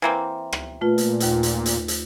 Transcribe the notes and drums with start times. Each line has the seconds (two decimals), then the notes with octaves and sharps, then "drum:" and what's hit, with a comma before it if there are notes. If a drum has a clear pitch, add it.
0.02 E3 A#3 C4
0.52 drum: rim click
0.81 A#2 A3 F4 B4
0.98 drum: hi-hat
1.20 D#2 F4, drum: hi-hat
1.43 drum: hi-hat
1.66 drum: hi-hat
1.88 drum: hi-hat